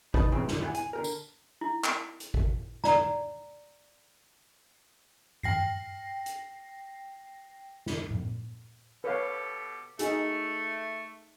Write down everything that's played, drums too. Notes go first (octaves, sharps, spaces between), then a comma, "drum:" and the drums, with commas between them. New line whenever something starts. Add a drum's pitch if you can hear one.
D#4 B4 D#5 A5, drum: kick G#1
A#2 C#3 E3 F3 C4
D3 F#3, drum: snare
E4 G4 D5 F#5 G#5
G#5, drum: hi-hat
D3 G4 A#4
drum: tambourine
E4
drum: clap
drum: hi-hat
drum: kick G#1
D5 A#5, drum: snare
G5 A#6 C7, drum: tom G2
drum: hi-hat
drum: snare
drum: tom A2
B2 G4 A4 B4 C#5 F5
A3 D#4 F#4 G#4, drum: hi-hat